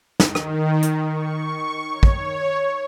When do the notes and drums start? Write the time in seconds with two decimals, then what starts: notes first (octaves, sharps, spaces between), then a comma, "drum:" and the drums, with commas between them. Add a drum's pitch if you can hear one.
0.20 D#3, drum: snare
0.35 drum: rim click
0.82 drum: hi-hat
1.07 C#6
1.88 C#5
2.03 drum: kick